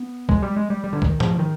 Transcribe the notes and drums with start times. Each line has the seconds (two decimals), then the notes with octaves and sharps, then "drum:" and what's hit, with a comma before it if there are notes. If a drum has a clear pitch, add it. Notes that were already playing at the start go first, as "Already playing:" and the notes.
Already playing: B3
0.29 G#3, drum: kick
0.42 G3
0.56 G#3
0.70 G3
0.84 G3
0.93 D3
1.02 D#3, drum: kick
1.20 F3, drum: tom
1.39 D#3